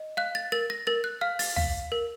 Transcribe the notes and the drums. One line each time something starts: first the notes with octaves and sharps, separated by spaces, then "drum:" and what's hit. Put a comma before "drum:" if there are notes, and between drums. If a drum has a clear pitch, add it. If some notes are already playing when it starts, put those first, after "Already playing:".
Already playing: D#5
F5 F#6
A6
A#4 A6
A#6
A#4 A6
F#6
F5 F6
A6, drum: open hi-hat
F5, drum: tom
A#4